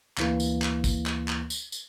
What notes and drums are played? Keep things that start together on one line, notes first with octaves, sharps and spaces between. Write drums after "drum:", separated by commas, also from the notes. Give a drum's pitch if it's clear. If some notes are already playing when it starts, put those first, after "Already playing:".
D2 E3 A#3, drum: clap
drum: tambourine
drum: clap
drum: kick, tambourine
drum: clap
drum: clap
drum: tambourine
drum: tambourine